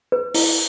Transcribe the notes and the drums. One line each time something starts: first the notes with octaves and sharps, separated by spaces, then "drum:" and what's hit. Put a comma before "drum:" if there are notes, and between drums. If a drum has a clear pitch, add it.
B4
E4, drum: open hi-hat